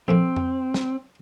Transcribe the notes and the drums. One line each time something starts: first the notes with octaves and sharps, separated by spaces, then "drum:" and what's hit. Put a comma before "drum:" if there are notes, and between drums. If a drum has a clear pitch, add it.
A#1 F2 A#2 C4
drum: tom F2
drum: snare